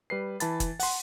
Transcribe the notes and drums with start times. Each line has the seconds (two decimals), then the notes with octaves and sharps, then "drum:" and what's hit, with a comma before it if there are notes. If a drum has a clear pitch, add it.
0.10 G3 B4 C7
0.40 E3 A5 B5 A6, drum: hi-hat
0.60 drum: kick, hi-hat
0.80 F#5 C6, drum: open hi-hat